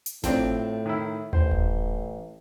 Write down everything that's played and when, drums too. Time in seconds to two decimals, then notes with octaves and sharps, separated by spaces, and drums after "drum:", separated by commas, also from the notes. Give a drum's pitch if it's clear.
0.06 drum: hi-hat
0.24 A2 F3 C4 D4, drum: snare G#1
0.86 D#3 E4
1.33 A1 C5, drum: tom D#2
1.51 drum: kick D#1